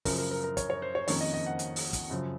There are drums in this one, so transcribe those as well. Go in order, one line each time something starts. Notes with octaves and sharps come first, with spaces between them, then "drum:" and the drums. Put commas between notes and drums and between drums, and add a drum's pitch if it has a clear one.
F#2 C#3 F3 A#4, drum: kick, open hi-hat
A#4
A#4
A#4
C#5, drum: kick, hi-hat
C#5
C5
C#5
F2 D#3 A#3 C#4 C#5, drum: open hi-hat
D#5
D#5
F#5
drum: hi-hat
drum: open hi-hat
drum: kick, hi-hat
F#2 C#3 F3